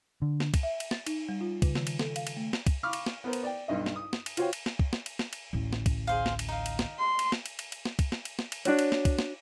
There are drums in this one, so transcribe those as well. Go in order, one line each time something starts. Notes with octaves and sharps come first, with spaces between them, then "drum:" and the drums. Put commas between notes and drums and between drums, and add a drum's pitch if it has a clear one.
D3
drum: snare
drum: kick, cymbal
E5
drum: cymbal
A6, drum: snare
D#4, drum: cymbal
G3
F4
C#3, drum: kick, cymbal
D#3, drum: snare
drum: cymbal
A4, drum: snare
F5, drum: cymbal
drum: cymbal
A3
drum: snare
drum: kick, cymbal
F5 B5 C#6 D6 F6
drum: cymbal
drum: snare
B3 A#4 C5
drum: cymbal
D5 G5
B1 G2 D#5
drum: snare
D#6
drum: snare
drum: cymbal
F4 F#4 C5 C#5 F5 G5, drum: cymbal
drum: cymbal
drum: snare
drum: kick
drum: snare
drum: cymbal
drum: snare
drum: cymbal
A1 D2
drum: snare
drum: kick, cymbal
G#4 C5 F5
drum: snare
drum: cymbal
D#4 F5
drum: cymbal
drum: snare
C6
drum: cymbal
drum: snare
drum: cymbal
drum: cymbal
drum: cymbal
drum: snare
drum: kick, cymbal
drum: snare
drum: cymbal
drum: snare
drum: cymbal
D4 F#4 C#5, drum: cymbal
drum: cymbal
drum: snare
drum: kick, cymbal
drum: snare